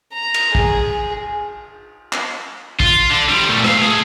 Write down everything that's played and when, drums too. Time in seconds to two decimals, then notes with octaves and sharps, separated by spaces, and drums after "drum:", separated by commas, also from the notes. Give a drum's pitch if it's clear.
0.13 A#5
0.34 drum: cymbal
0.55 G#4, drum: kick
2.13 drum: clap
2.80 F4, drum: kick
3.11 D3
3.29 F3 G3
3.49 A#2 A3
3.64 E5 F5, drum: rim click
3.77 A3 G#4